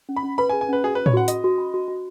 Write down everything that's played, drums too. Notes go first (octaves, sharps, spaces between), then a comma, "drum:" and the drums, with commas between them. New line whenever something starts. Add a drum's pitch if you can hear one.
C#4
B5
C#4
B4 B5
G#5
G#4
G#5
C#4 B4
F#4 G#4
B4 B5
C#5, drum: tom A2
F#4 F#5
F#4 D#5, drum: hi-hat
F#4
B5
F#4
F#4